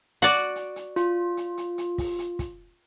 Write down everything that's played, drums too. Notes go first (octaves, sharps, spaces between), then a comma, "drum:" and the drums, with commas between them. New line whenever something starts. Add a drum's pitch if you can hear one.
F#4 D5
drum: hi-hat
drum: hi-hat
drum: hi-hat
F4, drum: hi-hat
drum: hi-hat
drum: hi-hat
drum: hi-hat
drum: kick, open hi-hat
drum: hi-hat
drum: kick, hi-hat